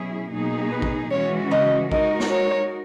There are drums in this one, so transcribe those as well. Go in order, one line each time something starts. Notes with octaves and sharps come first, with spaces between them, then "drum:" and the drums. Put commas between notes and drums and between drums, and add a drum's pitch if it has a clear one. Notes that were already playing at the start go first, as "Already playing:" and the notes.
Already playing: B2 F#3 C#4 E4 G#4
B2 F#3 A#3 D#4 G#4
B4
drum: kick A1
E3 G#3 C#4 F#4 C#5
D#5, drum: tom C#3
G#3 D#4 F#4 A#4 D#5, drum: kick A1
drum: snare
C#5